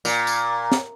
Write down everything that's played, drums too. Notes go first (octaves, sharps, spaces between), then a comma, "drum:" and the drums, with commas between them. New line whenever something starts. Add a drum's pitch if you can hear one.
A#2, drum: tambourine
drum: tambourine
drum: snare